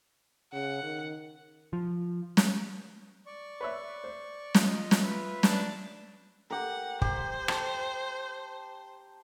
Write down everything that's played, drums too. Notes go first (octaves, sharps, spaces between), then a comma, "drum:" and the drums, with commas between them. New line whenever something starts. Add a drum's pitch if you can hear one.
C#3 F#5
D#3
F3
drum: snare
D5 C#6
B4 C#5 E5
C5
F4 D#5, drum: snare
drum: snare
B4 E5
D4 A5, drum: snare
G4 A#4 F#5
G4 C5, drum: kick
A5, drum: rim click